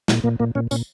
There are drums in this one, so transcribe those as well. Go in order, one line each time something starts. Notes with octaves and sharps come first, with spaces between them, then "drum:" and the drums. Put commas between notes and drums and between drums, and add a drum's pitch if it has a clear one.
A#2 F#3, drum: snare
A#2 A#3
A#2 A#3
A#2 C#4
A#2 C#4, drum: tambourine